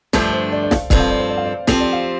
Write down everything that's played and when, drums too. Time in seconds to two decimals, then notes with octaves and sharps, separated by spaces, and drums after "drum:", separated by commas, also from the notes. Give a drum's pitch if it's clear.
0.13 G2 D3 F3 A3 D4 A4, drum: snare
0.33 C5
0.52 D5
0.64 D5
0.71 F5, drum: snare
0.90 G2 F3 C4 A4 D5, drum: kick
1.00 F5
1.10 D5
1.19 C5
1.29 D5
1.38 F5
1.45 D5
1.67 F3 C4 G4 A4, drum: snare
1.80 D5
1.93 F5